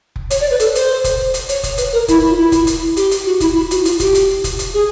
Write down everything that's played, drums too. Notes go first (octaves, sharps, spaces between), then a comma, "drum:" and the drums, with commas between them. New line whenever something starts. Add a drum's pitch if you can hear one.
drum: kick F1
C#5, drum: hi-hat
D5
B4
A4, drum: hi-hat
C5, drum: hi-hat
drum: kick F1, hi-hat
drum: hi-hat
C#5, drum: hi-hat
drum: kick F1, hi-hat
B4, drum: hi-hat
A#4
E4, drum: kick F1, hi-hat
F4
E4
drum: kick F1, hi-hat
drum: hi-hat
G4, drum: hi-hat
drum: hi-hat
F#4
E4, drum: kick F1, hi-hat
E4
F#4, drum: hi-hat
F4, drum: hi-hat
G4, drum: kick F1, hi-hat
drum: hi-hat
drum: kick F1, hi-hat
drum: hi-hat
G#4